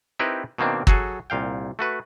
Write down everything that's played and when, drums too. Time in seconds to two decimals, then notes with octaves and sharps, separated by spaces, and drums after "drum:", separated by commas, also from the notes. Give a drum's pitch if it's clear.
0.19 C4 D#4 E4 G4 A#4 B4
0.58 B2 D#3 A#3 C4 D4
0.87 F#3 F#4 G#4 A4, drum: kick
1.30 C2 A#2 F5 G5
1.79 A3 F#4 B4